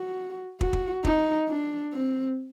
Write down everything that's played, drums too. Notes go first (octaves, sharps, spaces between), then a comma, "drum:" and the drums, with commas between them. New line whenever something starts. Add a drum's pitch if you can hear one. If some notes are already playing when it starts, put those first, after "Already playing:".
Already playing: F#4
F#4, drum: kick
drum: kick
D#4, drum: kick
D4
C4